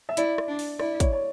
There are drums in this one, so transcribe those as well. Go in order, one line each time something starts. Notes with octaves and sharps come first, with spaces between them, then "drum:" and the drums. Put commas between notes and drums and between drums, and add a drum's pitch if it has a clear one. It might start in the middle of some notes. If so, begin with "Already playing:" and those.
E5
E4 D5, drum: hi-hat
drum: rim click
D4
drum: open hi-hat
E4 D5, drum: rim click
C#5, drum: kick, hi-hat
C#5